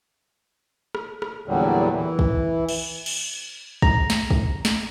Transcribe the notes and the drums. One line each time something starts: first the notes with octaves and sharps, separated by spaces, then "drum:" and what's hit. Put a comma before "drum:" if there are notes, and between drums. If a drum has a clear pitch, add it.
drum: rim click
drum: rim click
E2 A#2 D3 F#3 G3
E3
drum: kick
drum: cymbal
drum: cymbal
A#5, drum: kick
drum: snare
drum: kick
drum: snare